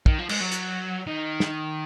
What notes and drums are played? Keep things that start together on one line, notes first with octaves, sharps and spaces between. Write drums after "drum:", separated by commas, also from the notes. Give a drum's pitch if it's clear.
D#3, drum: kick
F3
G#3, drum: cymbal
F#3
drum: hi-hat
D#3
drum: snare